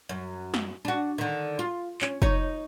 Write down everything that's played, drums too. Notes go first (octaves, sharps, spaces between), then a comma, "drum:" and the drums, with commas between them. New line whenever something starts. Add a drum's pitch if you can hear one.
F#2
drum: snare
D4 F#4
D3 D#3
F4
C#4, drum: clap
D#4 C#5, drum: kick